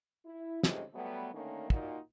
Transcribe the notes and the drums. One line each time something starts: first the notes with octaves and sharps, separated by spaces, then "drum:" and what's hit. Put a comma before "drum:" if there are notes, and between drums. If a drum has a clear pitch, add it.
E4
G#2 C#3 A3 C4 G4 D#5, drum: snare
F#3 G3 A3 B3
D3 D#3 A3 A#3 C#4
A#2 D#4 F#4, drum: kick